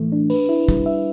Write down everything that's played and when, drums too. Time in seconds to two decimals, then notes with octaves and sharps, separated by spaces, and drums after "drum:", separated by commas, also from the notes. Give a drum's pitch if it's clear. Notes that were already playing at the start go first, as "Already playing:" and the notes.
Already playing: A2 E3 A3
0.12 D4
0.30 B4, drum: open hi-hat
0.49 E4
0.68 G3, drum: kick
0.86 E5